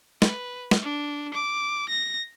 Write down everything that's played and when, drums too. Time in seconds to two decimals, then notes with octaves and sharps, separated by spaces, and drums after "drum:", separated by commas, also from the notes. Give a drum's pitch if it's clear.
0.22 B4, drum: snare
0.71 drum: snare
0.82 D4
1.34 D6
1.89 A#6